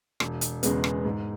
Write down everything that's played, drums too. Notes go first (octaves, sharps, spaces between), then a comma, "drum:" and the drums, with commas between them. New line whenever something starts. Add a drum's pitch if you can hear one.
E1, drum: rim click
drum: hi-hat
E2 C#3 G#3 B3, drum: hi-hat
drum: rim click
G#2